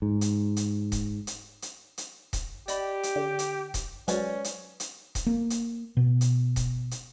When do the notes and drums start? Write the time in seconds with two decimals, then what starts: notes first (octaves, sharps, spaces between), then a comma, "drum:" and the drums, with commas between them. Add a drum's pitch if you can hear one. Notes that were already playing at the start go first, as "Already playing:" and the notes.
0.02 G#2
0.21 drum: hi-hat
0.56 drum: hi-hat
0.92 drum: kick D#1, hi-hat
1.27 drum: hi-hat
1.62 drum: hi-hat
1.98 drum: hi-hat
2.33 drum: kick D#1, hi-hat
2.68 G4 D5 D#5 B5, drum: hi-hat
3.03 drum: hi-hat
3.16 D3
3.39 drum: hi-hat
3.74 drum: kick D#1, hi-hat
4.08 F#3 G#3 C#4 B4 C5 D5, drum: hi-hat
4.44 drum: hi-hat
4.80 drum: hi-hat
5.15 drum: kick D#1, hi-hat
5.26 A#3
5.50 drum: hi-hat
5.97 B2
6.21 drum: hi-hat
6.56 drum: kick D#1, hi-hat
6.91 drum: hi-hat